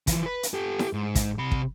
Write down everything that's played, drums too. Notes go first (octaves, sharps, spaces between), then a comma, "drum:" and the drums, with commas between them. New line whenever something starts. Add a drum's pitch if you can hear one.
E3 F3, drum: kick, hi-hat
B4
drum: hi-hat
G4 A4
drum: snare E4
G#2
drum: kick, hi-hat
C3 B5
drum: kick